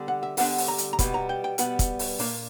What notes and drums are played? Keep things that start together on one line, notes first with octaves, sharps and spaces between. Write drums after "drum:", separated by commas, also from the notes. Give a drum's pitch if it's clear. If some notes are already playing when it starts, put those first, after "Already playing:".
Already playing: D3 G3 B3 D4
F#5
E5
D3 G3 B3 D4 F#5, drum: open hi-hat
drum: open hi-hat
A#5
drum: hi-hat
A#5
B2 G3 B3 B5, drum: kick, hi-hat
A#5
G5
G5
B2 G3 B3 F#5, drum: hi-hat
drum: kick, hi-hat
drum: open hi-hat
A#2 A#3 D4, drum: open hi-hat